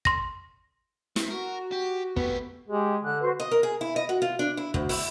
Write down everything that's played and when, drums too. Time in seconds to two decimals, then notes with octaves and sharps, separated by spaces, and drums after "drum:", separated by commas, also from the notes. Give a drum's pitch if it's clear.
0.05 C6 A#6, drum: kick
1.16 C4 E4, drum: snare
1.30 F#4 A#4
1.72 G4
2.16 A3 B3 G4, drum: kick
2.68 G#3 G4 G#4
3.03 D3 F#6
3.21 F#4 B4 C5
3.40 D#5
3.51 A#4
3.63 G#4
3.81 E4
3.96 D#5
4.09 F#4
4.22 F4
4.39 D4
4.57 E4
4.74 D2, drum: kick
4.89 E4, drum: open hi-hat